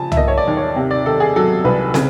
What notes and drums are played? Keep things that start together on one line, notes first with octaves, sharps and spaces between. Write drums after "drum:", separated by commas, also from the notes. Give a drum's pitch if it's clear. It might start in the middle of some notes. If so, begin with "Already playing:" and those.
Already playing: C#3 F3 G#5 A5
E5, drum: tom
A#3 D#5
C#5
D5
D#2
C#5
C3
D5
D#3 A4
G#4
F#3 A4
C2 B4
C#3, drum: snare